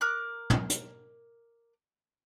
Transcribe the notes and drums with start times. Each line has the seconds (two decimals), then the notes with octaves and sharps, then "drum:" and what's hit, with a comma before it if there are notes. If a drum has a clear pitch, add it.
0.01 A#4 D6 F#6
0.50 drum: tom
0.70 drum: hi-hat